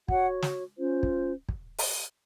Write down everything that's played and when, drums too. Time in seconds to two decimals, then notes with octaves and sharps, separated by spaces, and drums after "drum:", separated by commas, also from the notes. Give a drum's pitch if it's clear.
0.08 F#4 C#5 F#5, drum: kick
0.42 drum: snare
0.77 C#4 F4 C5
1.03 drum: kick
1.49 drum: kick
1.78 drum: open hi-hat